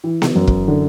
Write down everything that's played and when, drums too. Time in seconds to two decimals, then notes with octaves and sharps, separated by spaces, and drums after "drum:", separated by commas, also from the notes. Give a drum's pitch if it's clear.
0.04 E3
0.22 drum: snare B3
0.35 F#2
0.47 drum: kick
0.68 D3